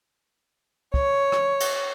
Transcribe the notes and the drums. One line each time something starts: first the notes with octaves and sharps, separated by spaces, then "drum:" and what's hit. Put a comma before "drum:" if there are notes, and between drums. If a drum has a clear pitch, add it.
C#5, drum: kick
drum: rim click
drum: cymbal